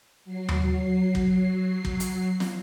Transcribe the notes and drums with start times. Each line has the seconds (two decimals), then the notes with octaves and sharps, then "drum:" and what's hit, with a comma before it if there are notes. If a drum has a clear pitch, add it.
0.25 F#3 C7
0.48 drum: tom D#2
1.15 drum: kick
1.85 drum: kick
2.00 drum: hi-hat
2.40 drum: snare